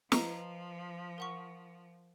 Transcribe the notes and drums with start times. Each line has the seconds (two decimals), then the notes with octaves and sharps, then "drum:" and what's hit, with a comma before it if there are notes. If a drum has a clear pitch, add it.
0.12 F3 B4 D#5 A#5, drum: snare
1.18 A#4 F#5 C#6